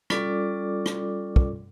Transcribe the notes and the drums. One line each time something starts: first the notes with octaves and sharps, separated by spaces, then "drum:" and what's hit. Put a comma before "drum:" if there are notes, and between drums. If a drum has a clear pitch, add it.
G3 C#4 F4 A4 D5 D6, drum: rim click
drum: rim click
drum: kick